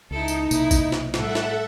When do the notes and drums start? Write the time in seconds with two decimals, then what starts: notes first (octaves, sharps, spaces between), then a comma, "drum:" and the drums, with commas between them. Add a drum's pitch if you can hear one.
0.11 C#2 D#4 E4 A4
0.28 drum: tambourine
0.51 B1 C3 A#3 E4, drum: tambourine
0.71 drum: kick, tambourine
0.92 drum: snare
1.14 A2 G3 A4 E5 F#5, drum: snare
1.35 drum: snare